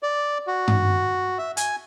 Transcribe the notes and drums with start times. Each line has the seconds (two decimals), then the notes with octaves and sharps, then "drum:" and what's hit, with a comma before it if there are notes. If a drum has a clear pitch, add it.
0.03 D5
0.47 F#4
0.68 drum: tom G2
1.38 E5
1.57 G#5, drum: hi-hat